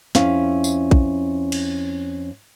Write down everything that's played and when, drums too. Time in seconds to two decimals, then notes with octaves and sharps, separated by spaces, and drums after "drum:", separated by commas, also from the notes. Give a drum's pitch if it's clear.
0.15 F2 C#4 E4 F5, drum: snare
0.64 drum: tambourine
0.91 drum: kick A#1
1.52 drum: cymbal